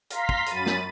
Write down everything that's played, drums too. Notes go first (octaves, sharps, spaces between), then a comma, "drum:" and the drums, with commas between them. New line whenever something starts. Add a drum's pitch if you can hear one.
F5 A#5 C6 B6, drum: hi-hat
drum: kick
F#2 B5 A6 D#7, drum: hi-hat
drum: snare